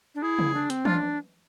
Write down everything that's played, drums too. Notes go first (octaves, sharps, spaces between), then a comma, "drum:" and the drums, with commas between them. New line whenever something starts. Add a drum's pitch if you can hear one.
D4
E4 G#4
drum: tom C#3
D4
C4, drum: hi-hat
D4 F4, drum: tom E3